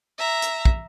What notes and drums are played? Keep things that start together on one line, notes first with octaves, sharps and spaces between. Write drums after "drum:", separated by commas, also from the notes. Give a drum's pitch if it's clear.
E5 A#5
drum: hi-hat
drum: kick